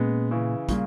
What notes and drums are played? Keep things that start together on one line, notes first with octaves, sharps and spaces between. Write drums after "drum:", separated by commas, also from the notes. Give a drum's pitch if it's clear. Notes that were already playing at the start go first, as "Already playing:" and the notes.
Already playing: A#2 G#3 A#3 B3 C#4
C#3 E3
A#2 C#3 G3, drum: kick, hi-hat